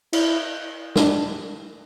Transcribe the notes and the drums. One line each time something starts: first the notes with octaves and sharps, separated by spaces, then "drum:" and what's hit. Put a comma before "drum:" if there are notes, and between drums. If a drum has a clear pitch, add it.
E4, drum: cymbal
D4, drum: snare